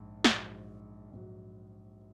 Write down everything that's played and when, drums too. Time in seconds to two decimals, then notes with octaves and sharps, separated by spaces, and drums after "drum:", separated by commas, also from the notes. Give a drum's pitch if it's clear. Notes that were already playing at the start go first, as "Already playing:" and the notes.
Already playing: A#1 G#2
0.24 A#1 G#2 F#3, drum: snare
1.12 A#1 G#2 F#3